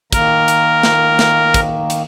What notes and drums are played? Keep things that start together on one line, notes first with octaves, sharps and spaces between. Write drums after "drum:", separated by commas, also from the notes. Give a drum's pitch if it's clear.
D#3 A#3 A#4, drum: kick, hi-hat
drum: hi-hat
drum: snare
drum: snare
drum: kick, hi-hat
drum: hi-hat